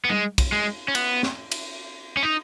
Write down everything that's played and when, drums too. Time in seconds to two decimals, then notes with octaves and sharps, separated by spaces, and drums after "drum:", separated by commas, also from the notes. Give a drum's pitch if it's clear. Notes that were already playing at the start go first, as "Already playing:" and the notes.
0.05 B3
0.10 G#3, drum: tom G3
0.38 drum: kick, cymbal
0.52 G#3
0.88 C#4
0.95 B3, drum: cymbal
1.23 drum: snare
1.51 drum: cymbal
2.17 C#4
2.23 D#4